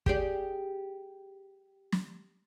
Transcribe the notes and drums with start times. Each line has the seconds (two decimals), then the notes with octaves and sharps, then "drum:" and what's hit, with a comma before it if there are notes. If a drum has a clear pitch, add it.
0.06 G4 G#4 D5, drum: kick
1.92 drum: snare